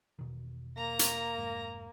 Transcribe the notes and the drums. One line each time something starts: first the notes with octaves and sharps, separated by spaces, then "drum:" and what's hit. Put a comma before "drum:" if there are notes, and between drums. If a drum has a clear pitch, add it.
E1 B2 D#3
A#3 A#5 A#6
drum: hi-hat
F1 G#2